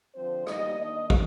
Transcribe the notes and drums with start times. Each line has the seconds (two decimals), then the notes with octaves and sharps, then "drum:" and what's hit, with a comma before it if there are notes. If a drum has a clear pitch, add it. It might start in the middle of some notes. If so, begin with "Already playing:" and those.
0.15 D3 F3 C4 C5
0.47 A2 G3 A#3 D#4 D#5, drum: rim click
0.78 D#3 A#3 D4 D#5
1.10 drum: kick